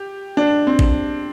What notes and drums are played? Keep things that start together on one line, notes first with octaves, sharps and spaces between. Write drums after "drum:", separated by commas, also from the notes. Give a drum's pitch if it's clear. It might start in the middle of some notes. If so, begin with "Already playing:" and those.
Already playing: G4
D4
C4
drum: kick